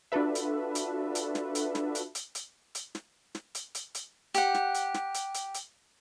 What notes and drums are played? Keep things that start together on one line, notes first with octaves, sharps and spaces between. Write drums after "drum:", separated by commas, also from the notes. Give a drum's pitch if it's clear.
D4 F4 F#4 A4 B4 E5
drum: hi-hat
drum: hi-hat
drum: hi-hat
drum: snare
drum: hi-hat
drum: snare
drum: hi-hat
drum: hi-hat
drum: hi-hat
drum: hi-hat
drum: snare
drum: snare
drum: hi-hat
drum: hi-hat
drum: hi-hat
G4 F#5, drum: hi-hat
drum: snare
drum: hi-hat
drum: snare
drum: hi-hat
drum: hi-hat
drum: hi-hat